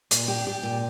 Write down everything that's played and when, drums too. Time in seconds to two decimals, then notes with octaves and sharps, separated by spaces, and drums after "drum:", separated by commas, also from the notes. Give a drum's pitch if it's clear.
0.11 A#2, drum: hi-hat
0.28 G4
0.47 G4
0.63 A#2